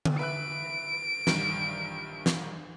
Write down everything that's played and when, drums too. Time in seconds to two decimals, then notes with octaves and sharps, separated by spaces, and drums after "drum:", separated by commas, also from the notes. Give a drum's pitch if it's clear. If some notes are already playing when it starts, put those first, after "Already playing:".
0.05 drum: tom D3
0.19 B4 E5 F#6 D7
1.27 A#1 G2 D#3, drum: snare
2.26 drum: snare